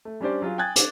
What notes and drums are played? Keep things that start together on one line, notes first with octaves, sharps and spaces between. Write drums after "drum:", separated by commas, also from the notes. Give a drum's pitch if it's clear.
A3
G3 C#4 D4 G4 C5 D5
F#3 F4 G#4
G5 G#5 D#6 F#6 G#6 A6
D6, drum: hi-hat